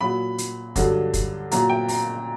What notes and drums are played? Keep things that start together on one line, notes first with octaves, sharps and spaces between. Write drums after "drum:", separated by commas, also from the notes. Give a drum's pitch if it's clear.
A#2 F#3 B5
drum: hi-hat
G2 D3 F#3, drum: kick, hi-hat
drum: kick, hi-hat
A#2 F#3 A#5, drum: hi-hat
G5
A#5, drum: open hi-hat